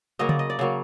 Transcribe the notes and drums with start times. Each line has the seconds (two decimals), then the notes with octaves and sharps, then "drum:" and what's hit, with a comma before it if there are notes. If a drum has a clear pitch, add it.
0.19 C#3 F#3 A#3 D#5
0.29 D5, drum: tom C#3
0.39 D#5
0.50 D5
0.59 C#3 F#3 A#3